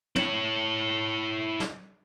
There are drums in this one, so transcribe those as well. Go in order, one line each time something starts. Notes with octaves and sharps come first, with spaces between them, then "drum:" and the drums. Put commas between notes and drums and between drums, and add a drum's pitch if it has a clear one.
E4 C#5, drum: tom
drum: snare